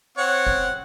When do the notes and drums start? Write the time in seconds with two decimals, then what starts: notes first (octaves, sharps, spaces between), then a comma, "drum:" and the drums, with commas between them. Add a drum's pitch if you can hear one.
0.18 C4 C#5 F#5
0.46 drum: kick F#1